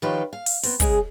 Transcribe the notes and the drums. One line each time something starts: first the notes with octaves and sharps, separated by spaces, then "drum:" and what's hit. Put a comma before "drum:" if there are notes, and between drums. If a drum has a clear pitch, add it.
D#3 F3 F4 G4 B4 C#5
F5
drum: open hi-hat
B3 C4, drum: open hi-hat
C#3 G#3 G#4, drum: kick, hi-hat